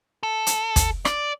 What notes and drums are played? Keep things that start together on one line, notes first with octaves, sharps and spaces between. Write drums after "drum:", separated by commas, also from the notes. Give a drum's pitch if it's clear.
A4
drum: hi-hat
drum: kick, hi-hat
D5, drum: rim click